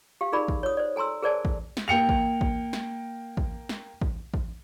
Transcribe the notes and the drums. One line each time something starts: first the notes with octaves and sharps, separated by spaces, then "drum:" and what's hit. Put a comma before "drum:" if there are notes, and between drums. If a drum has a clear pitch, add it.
G4 F5
D#4 G#4 A#4 D5 B5
drum: kick A1
C#5 D#6
C5 D5
A4 G#5 A#5 C6 E6
G#4 A#4 C5 D5 G#5 A5
drum: kick A1
drum: snare
A#3 G5 C#7 F7
drum: kick A1
drum: kick A1
drum: snare
drum: kick A1
drum: snare
drum: kick A1
drum: kick A1